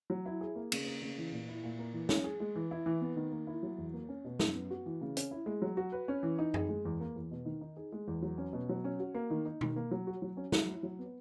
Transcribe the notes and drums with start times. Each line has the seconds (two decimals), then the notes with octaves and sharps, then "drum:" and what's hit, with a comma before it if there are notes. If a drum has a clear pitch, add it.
0.10 F#3
0.26 E4
0.41 G#4
0.55 A#3
0.72 C#3, drum: cymbal
0.86 A#3
1.02 C#3
1.18 E3
1.32 A#2
1.49 E4
1.64 A#2
1.79 A#3
1.93 E3
2.09 C#4, drum: snare
2.24 G#4
2.40 G#3
2.56 E3
2.71 E4
2.86 E3
3.01 B3
3.16 D#3
3.31 A#3
3.47 E4
3.63 F#3
3.78 E2
3.93 A#3
4.09 C#4
4.25 B2
4.39 F#2, drum: snare
4.54 B3
4.71 F#4
4.86 E3
5.01 C#3
5.17 C#4, drum: hi-hat
5.31 E4
5.46 G#3
5.62 F#3
5.77 F#4
5.92 B4
6.08 C#4
6.23 E3
6.39 D#4
6.54 G#4, drum: tom F#2
6.69 G#3
6.85 E2
7.00 A#3
7.16 E2
7.31 B2
7.45 D#3
7.61 D#4
7.76 G#4
7.92 G#3
8.08 E2
8.22 F#3
8.38 C#4
8.53 B2
8.69 F#3
8.84 C#4
9.00 F#4
9.14 A#3
9.30 D#3
9.46 D#4
9.61 D#3, drum: tom B2
9.76 A#3
9.91 F#3
10.07 F#4
10.22 F#3
10.37 C#4
10.52 F#3, drum: snare
10.68 E4
10.83 F#3
10.99 B3